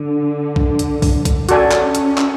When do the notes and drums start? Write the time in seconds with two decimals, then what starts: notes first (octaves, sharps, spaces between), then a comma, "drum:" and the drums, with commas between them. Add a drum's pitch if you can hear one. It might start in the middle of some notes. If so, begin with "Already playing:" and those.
Already playing: D3
0.56 drum: kick B1
0.79 drum: hi-hat
1.02 drum: kick B1, open hi-hat
1.25 drum: kick B1, hi-hat
1.49 C#4 F#4 A4 D5 G#5, drum: hi-hat
1.72 drum: clap
1.95 drum: hi-hat
2.18 drum: clap